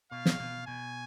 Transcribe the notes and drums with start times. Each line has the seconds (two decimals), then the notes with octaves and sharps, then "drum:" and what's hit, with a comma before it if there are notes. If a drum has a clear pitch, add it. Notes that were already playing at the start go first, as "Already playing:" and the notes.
0.11 B2 F5
0.26 drum: snare
0.40 B2
0.67 B2 G#5